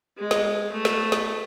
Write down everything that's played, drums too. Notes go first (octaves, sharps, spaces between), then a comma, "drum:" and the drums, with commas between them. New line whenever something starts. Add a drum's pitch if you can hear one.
G#3
drum: snare
A3
drum: snare
drum: snare